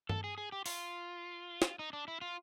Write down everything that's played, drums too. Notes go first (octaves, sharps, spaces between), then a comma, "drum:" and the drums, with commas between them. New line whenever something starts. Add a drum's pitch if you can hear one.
A4, drum: tom G2
G#4
G#4
G4
F4, drum: open hi-hat
drum: snare
D#4
D4
E4
F4